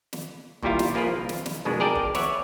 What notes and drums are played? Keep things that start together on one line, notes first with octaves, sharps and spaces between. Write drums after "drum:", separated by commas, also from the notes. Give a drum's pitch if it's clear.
drum: snare
D#2 A#2 G3 E4 F4 F5, drum: kick G1
drum: snare
F3 A#3 F4 G#4 A#4 B4
C2
drum: snare
drum: snare
F2 B2 D#3 G#3 D4 B4
G#4 A#4 D5 G5 A5
drum: kick G1
B4 C#5 D5 E5 F#5, drum: snare